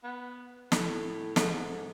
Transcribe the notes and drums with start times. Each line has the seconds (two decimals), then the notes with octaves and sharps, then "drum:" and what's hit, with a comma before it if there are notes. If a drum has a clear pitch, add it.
0.04 B3
0.72 A2, drum: snare
1.36 G#2 A4, drum: snare